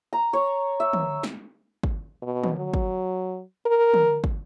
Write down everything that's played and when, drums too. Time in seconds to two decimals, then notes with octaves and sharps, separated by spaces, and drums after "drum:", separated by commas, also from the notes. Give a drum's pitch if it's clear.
0.13 A#5
0.33 C#5
0.80 E5
0.93 drum: tom
1.23 drum: snare
1.83 drum: kick
2.22 B2
2.44 drum: tom
2.57 F#3
2.74 drum: kick
3.66 A#4
3.94 drum: tom
4.24 drum: kick